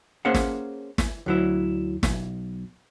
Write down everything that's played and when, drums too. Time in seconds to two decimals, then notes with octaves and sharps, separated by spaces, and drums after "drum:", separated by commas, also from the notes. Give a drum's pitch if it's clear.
0.25 A#3 C#4 G#4 C5 F5 F#5
0.34 drum: snare
0.98 drum: snare
1.26 D2 F#3 E4
2.03 B1, drum: snare